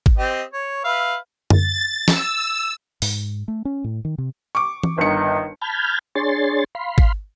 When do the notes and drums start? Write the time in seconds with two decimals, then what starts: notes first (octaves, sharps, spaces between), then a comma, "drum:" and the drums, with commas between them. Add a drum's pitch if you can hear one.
0.06 drum: kick
0.18 C4 G4 D#5
0.53 C#5
0.84 B4 E5 F5
1.50 A6, drum: tom F#2
2.08 E6, drum: snare
3.02 G#2, drum: open hi-hat
3.48 A3
3.65 C#4
3.84 A2
4.05 D#3
4.18 C3
4.55 C#6 D6
4.83 drum: tom E3
4.98 G1 D#3 C#7
5.61 A5 B5 F6 G6 G#6
6.15 D4 G#4 C#5 C6 A6
6.75 F5 B5 C6
6.98 drum: kick